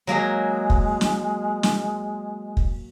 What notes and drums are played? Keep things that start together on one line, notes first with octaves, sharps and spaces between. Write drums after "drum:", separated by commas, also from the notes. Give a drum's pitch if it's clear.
F#3 G#3 A#3 G#4
drum: kick
drum: snare
drum: snare
drum: kick